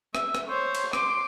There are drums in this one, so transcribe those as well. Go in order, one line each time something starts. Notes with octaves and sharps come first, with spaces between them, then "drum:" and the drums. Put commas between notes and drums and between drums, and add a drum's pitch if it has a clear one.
E5, drum: rim click
drum: rim click
C5 C#5
drum: cymbal
C6 D6, drum: rim click